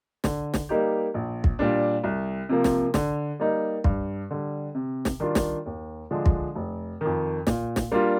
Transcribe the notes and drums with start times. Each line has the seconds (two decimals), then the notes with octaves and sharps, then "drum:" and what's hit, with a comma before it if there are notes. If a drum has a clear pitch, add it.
0.24 D3, drum: snare
0.54 drum: snare
0.69 G3 A#3 D#4 G4
1.14 A#1
1.44 drum: kick
1.59 A#2 G3 D4
2.04 C2
2.49 C3 F3 A#3
2.64 drum: snare
2.94 D3, drum: snare
3.39 G3 A#3 D#4
3.84 G2, drum: kick
4.31 D3 G3
4.74 C3
5.05 drum: snare
5.20 D#3 G3 D4 F4
5.35 drum: snare
5.66 D#2
6.11 D3 F3 G#3 D4
6.26 drum: kick
6.55 F1
7.01 F2 D#3
7.47 A#2, drum: snare
7.76 drum: snare
7.91 G3 A#3 D4 F4